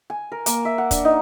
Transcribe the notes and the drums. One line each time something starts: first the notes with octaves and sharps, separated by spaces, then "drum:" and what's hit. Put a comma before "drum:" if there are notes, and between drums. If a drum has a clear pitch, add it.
G#5
A#4
A#3, drum: hi-hat
E5
F#5
D4, drum: kick, hi-hat
D#4